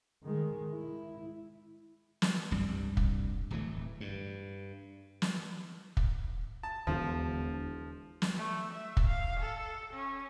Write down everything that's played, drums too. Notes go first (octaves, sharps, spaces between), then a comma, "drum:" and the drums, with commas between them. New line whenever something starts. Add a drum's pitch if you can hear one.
D#3 G#3
E4
drum: snare
F1 C2 G2 G3
drum: kick
D1 E3 A3
G2
drum: snare
drum: kick
A5
E1 D#2 D3 E3 F3
drum: snare
A3
E5
drum: kick
F5
A4
C#4